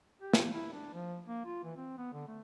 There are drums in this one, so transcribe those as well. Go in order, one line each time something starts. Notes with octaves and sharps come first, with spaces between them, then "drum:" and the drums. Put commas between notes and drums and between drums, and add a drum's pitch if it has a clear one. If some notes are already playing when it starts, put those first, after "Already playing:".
G4
drum: snare
E4
D4
F3
A#3
F4
E3
C4
B3
D3
A3